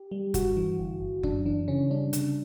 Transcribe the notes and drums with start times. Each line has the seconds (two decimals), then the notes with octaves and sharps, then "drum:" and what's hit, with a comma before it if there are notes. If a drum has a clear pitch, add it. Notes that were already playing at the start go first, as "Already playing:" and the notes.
Already playing: G4
0.11 G3
0.34 G2 F#4, drum: kick F#1, hi-hat
0.57 E3
0.79 G1
1.01 G1
1.23 F#2 D4, drum: kick F#1
1.46 E3 D4
1.68 C#3 C#4
1.91 G3 D4
2.13 C#3, drum: hi-hat